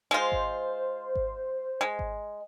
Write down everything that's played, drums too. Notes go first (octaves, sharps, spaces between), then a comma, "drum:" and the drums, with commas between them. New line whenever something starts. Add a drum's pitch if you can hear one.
G#3 F4 C5
drum: kick G#1
drum: kick G#1
G#3
drum: kick G#1